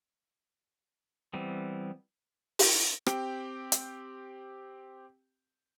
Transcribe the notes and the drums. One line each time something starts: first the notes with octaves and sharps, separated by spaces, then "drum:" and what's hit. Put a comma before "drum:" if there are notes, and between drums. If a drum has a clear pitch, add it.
E3 G3 B3 C4
drum: open hi-hat
C4 G4 G5, drum: rim click
drum: hi-hat